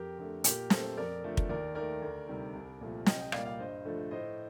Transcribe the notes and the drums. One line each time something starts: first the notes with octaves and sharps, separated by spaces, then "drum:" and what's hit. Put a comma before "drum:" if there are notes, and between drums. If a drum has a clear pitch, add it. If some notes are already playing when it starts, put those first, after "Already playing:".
Already playing: F2 G4 A#4
D3 A3
A#2 G4 A#4, drum: hi-hat
A3 A4 C5, drum: snare
F2 A#4 D5
D3 F3 A3
drum: kick
D#2 A#4 D5
D#3 A3 A#4 D5
D2
C3 D#3 G3
C2
A#2 F3 A3
C2 D#5 G5, drum: snare
D#5 G5
A#2 G3 A#3 D5 F5, drum: rim click
D5 F5
G2 C5 D#5
D3 F3 A3
A2 C5 D#5